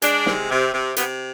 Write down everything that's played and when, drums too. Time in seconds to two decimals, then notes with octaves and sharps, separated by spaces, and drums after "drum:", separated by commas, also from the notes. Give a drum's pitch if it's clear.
0.02 G#3 D4, drum: hi-hat
0.26 C3, drum: snare
0.50 C3
0.73 C3
0.97 C3 B3, drum: hi-hat